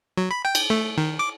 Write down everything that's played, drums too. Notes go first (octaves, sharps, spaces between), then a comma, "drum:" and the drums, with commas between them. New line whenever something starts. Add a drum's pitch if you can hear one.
F#3
B5
G5
drum: cymbal
A3
D#3
D6